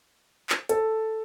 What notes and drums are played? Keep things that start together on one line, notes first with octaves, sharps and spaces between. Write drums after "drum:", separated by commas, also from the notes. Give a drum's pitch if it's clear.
drum: clap
A4, drum: hi-hat